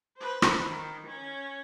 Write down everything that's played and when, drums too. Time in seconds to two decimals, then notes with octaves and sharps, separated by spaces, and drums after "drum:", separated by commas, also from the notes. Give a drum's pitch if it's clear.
0.17 B4 C5
0.42 drum: rim click
0.66 D#3
1.07 C#4 C#5